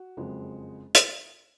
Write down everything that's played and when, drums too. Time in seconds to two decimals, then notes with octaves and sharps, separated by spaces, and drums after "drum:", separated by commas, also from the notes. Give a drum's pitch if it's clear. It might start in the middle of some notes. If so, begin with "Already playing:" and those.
Already playing: F#4
0.17 F#1 F2 F3 G#3
0.95 drum: hi-hat